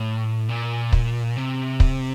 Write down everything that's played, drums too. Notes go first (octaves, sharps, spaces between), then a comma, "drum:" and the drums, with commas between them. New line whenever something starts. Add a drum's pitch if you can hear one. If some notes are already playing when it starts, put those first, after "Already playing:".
Already playing: A2
A#2
drum: kick
C3
drum: kick